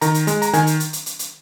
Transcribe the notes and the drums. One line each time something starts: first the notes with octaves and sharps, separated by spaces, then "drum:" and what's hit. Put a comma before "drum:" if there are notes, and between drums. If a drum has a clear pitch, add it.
D#3 A#5, drum: hi-hat
drum: hi-hat
G#3, drum: hi-hat
A#5, drum: hi-hat
D#3 G#5, drum: hi-hat
drum: hi-hat
drum: hi-hat
drum: hi-hat
drum: hi-hat
drum: hi-hat